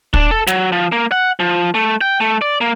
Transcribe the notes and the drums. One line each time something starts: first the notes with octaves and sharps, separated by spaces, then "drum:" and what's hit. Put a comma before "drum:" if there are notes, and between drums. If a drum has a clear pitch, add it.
D4, drum: kick
A4
F#3, drum: snare
F3
A#3
F#5
F3
A3
G5
A3
D5
A#3